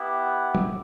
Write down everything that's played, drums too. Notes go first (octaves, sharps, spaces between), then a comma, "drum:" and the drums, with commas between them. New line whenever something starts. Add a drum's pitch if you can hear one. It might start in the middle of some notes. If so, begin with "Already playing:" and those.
Already playing: B3 E4 G4
F#5
drum: tom